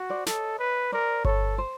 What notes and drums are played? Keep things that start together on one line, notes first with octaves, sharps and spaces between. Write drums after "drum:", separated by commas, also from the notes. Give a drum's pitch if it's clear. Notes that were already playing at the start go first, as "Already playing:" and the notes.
Already playing: F#4
C5 D5
A4 C#5 D#5, drum: snare
B4
A#4 C5 D5
A4 B4 C#5, drum: kick G1
C5